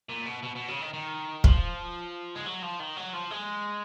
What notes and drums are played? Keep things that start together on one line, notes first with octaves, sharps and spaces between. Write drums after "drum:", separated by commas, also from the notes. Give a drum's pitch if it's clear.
A#2
B2
B2
B2
C#3
D#3
D#3
F3, drum: kick
G#3
F#3
F3
D#3
F#3
F3
G#3